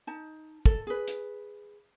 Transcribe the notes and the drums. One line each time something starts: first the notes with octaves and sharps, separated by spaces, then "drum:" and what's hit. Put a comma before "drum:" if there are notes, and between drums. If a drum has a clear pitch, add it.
D#4 A5
A4, drum: kick
G#4 B4
drum: hi-hat